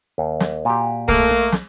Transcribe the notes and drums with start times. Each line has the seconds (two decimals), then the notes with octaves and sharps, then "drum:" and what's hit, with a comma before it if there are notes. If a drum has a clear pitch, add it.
0.18 D#2
0.40 drum: snare
0.65 A#2 F#4 G4
1.09 A3 A#3, drum: kick
1.52 drum: snare